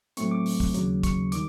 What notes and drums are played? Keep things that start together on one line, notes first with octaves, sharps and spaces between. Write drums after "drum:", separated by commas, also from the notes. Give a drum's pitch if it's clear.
A2 F#3 A3 C4 C#6, drum: hi-hat
D6
drum: open hi-hat
drum: kick
D#2 C#3 F#3, drum: hi-hat
C#6, drum: kick, hi-hat
D#3 G3 D6, drum: hi-hat